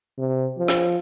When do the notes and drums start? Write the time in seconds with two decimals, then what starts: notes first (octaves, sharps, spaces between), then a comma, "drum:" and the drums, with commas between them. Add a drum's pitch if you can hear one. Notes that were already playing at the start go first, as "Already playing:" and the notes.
0.18 C3
0.58 F3
0.68 drum: snare